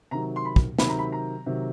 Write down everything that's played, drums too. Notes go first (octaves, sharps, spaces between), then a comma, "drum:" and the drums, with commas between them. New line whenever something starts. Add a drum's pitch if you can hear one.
C3 D#3 F#3 A#5
C6
B5
drum: kick
C3 D#3 F#3 B5, drum: snare
A#5
B5
A#5
C3 D#3 F#3